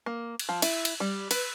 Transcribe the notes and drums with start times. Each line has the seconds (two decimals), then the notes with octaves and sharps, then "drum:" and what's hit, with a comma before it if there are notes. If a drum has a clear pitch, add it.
0.06 A#3
0.39 drum: cymbal
0.49 F3
0.62 E4, drum: cymbal
0.85 drum: cymbal
1.00 G3
1.31 B4, drum: cymbal